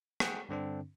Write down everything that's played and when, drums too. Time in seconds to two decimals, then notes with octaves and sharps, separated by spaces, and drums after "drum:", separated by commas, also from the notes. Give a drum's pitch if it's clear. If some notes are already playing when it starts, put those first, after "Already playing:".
0.20 G#4 F#5 G5, drum: rim click
0.49 G2 D3 C4 D4